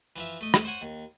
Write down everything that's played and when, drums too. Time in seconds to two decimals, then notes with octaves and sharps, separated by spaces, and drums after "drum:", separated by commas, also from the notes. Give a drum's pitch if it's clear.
0.16 E3 F3 E5
0.41 A3 D#5
0.54 drum: rim click
0.65 C5 C#5 F#5 G#5
0.82 D#2